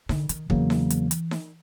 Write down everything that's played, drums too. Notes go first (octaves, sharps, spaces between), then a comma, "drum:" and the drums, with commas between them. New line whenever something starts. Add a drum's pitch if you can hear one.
D3, drum: snare D#4
D#3, drum: hi-hat
E2 C#3 E3 F#3 A#3, drum: kick
drum: snare D#4
drum: hi-hat
drum: hi-hat
drum: snare D#4